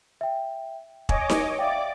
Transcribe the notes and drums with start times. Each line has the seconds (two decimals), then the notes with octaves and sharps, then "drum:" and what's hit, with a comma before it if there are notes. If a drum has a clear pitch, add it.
0.21 E5 G5
1.09 C#5 D#5 G#5 D6 G#6, drum: kick
1.29 drum: snare D#4
1.59 D5 E5 F5 G5 D6